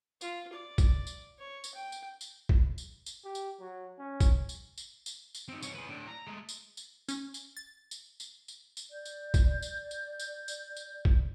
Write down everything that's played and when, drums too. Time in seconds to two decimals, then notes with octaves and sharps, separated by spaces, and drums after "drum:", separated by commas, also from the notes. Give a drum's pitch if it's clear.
0.21 F4, drum: tambourine
0.53 D5
0.78 drum: kick A1, tambourine
1.07 drum: tambourine
1.39 C#5
1.64 drum: tambourine
1.74 G5
1.92 drum: tambourine
2.21 drum: tambourine
2.49 drum: kick A1
2.78 drum: tambourine
3.06 drum: tambourine
3.24 G4
3.35 drum: tambourine
3.60 F#3
3.99 C#4
4.20 drum: kick A1, tambourine
4.49 drum: tambourine
4.78 drum: tambourine
5.06 drum: tambourine
5.35 drum: tambourine
5.48 C4 D#4
5.62 C2 C#5, drum: tambourine
5.75 G#4 B4
5.88 A2 D4
6.07 A#5
6.27 G#3 A3
6.49 drum: tambourine
6.77 drum: tambourine
7.08 C#4, drum: tambourine
7.34 drum: tambourine
7.57 A6
7.91 drum: tambourine
8.20 drum: tambourine
8.48 drum: tambourine
8.77 drum: tambourine
8.91 D5 G6
9.05 drum: tambourine
9.34 drum: kick A1, tambourine
9.62 drum: tambourine
9.91 drum: tambourine
10.20 drum: tambourine
10.48 drum: tambourine
10.77 drum: tambourine
11.05 drum: kick A1